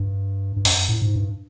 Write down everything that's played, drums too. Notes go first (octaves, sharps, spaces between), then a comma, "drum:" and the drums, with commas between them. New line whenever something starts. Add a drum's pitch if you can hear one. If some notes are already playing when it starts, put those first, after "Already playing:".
Already playing: G2
G2
F#2, drum: open hi-hat
A2
G#2
G2